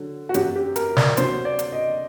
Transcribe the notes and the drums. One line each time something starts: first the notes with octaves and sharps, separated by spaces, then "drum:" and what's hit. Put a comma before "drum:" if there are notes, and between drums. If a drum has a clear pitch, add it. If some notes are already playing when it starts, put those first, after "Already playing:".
Already playing: D3 F#3
F#4
F#2 F#3 G4, drum: hi-hat
G4
A#4, drum: hi-hat
D5, drum: snare
D2 C3 F#3 C5, drum: hi-hat
D5
drum: hi-hat
D#5